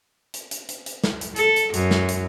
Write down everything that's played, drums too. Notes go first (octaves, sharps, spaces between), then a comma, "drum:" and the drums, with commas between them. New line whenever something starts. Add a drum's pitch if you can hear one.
drum: hi-hat
drum: hi-hat
drum: hi-hat
drum: hi-hat
drum: snare
drum: hi-hat
A4, drum: hi-hat
drum: hi-hat
F#2, drum: hi-hat
drum: snare
drum: hi-hat